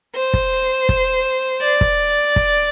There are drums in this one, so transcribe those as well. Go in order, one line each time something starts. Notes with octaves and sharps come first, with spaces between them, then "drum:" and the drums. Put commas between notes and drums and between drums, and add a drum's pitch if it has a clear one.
C5
drum: kick
drum: kick
D5
drum: kick
drum: kick